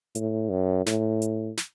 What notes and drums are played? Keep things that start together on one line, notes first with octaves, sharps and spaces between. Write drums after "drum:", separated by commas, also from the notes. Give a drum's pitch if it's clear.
A2, drum: hi-hat
F#2
A2, drum: snare
drum: hi-hat
drum: snare